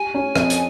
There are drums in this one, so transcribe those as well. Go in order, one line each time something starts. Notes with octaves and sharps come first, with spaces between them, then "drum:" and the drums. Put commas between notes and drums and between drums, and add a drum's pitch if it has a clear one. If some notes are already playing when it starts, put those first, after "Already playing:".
Already playing: G4 G#5
C#4
F2, drum: rim click
drum: hi-hat